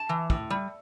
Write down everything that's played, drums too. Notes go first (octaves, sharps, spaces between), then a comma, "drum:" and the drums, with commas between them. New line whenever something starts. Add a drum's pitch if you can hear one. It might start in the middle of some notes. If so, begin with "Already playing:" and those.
Already playing: A5
E3
A2, drum: kick
G3